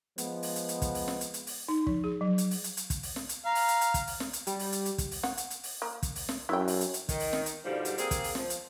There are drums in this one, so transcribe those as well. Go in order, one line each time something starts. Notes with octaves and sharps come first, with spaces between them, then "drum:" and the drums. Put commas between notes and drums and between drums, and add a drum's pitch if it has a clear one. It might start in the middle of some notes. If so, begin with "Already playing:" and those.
F3 G#3 B3, drum: hi-hat
drum: open hi-hat
drum: hi-hat
drum: hi-hat
drum: kick, hi-hat
drum: open hi-hat
drum: snare
drum: hi-hat
drum: hi-hat
drum: open hi-hat
D#4
F3, drum: kick
G#4
F#3
drum: hi-hat
drum: open hi-hat
drum: hi-hat
drum: hi-hat
drum: kick, hi-hat
drum: open hi-hat
drum: snare
drum: hi-hat
F5 A#5
drum: open hi-hat
drum: hi-hat
drum: hi-hat
drum: kick, hi-hat
drum: open hi-hat
drum: snare
drum: hi-hat
G3, drum: hi-hat
drum: open hi-hat
drum: hi-hat
drum: hi-hat
drum: kick, hi-hat
drum: open hi-hat
F#5, drum: snare
drum: hi-hat
drum: hi-hat
drum: open hi-hat
A#3
drum: kick, hi-hat
drum: open hi-hat
drum: snare
F#2 E4 G5
drum: open hi-hat
drum: hi-hat
drum: hi-hat
D#3, drum: kick, hi-hat
drum: open hi-hat
drum: snare
drum: hi-hat
G#2 B2 D3 F3 G3
drum: hi-hat
A#3 C4 G#4, drum: hi-hat
drum: kick, hi-hat
drum: open hi-hat
F3, drum: snare
drum: hi-hat